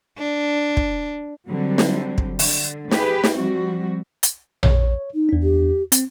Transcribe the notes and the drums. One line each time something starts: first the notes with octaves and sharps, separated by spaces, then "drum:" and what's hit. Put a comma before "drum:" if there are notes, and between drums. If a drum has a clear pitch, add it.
D4
drum: kick
D3 F#3 G3 C4
drum: snare
drum: kick
D3, drum: open hi-hat
G4 G#4 B4, drum: snare
drum: snare
F3 G3 C4 F#4
drum: hi-hat
C#5, drum: tom A#1
D#4
E2 D4
G4
C4, drum: hi-hat